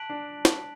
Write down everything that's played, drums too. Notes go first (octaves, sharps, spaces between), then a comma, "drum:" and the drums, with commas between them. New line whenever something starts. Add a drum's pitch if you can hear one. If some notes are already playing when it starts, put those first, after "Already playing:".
Already playing: A5 F#6 B6 D7 F#7
D4
drum: snare